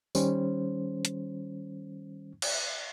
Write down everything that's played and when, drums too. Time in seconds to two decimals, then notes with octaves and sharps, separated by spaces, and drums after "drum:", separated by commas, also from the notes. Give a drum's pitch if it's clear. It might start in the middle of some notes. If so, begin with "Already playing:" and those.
0.15 D#3 G3 C#4 C5, drum: tambourine
1.05 drum: hi-hat
2.42 drum: cymbal